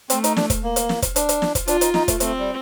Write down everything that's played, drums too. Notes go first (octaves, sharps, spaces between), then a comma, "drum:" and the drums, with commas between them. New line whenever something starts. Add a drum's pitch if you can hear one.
A3 C4, drum: hi-hat
D#4, drum: hi-hat
D4, drum: snare
drum: kick, hi-hat
A#3
drum: hi-hat
drum: snare
drum: kick, hi-hat
D4, drum: hi-hat
drum: hi-hat
drum: snare
drum: kick, hi-hat
D4 F4, drum: hi-hat
D#4, drum: hi-hat
D#4, drum: snare
A3, drum: kick, hi-hat
A3 C4, drum: hi-hat
G3